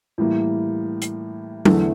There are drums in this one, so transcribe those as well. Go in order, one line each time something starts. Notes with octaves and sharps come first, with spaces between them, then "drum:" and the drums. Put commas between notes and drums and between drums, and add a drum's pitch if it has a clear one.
A2 E3 G3 A#3
drum: hi-hat
E2 D3 A3 E4, drum: tom F#3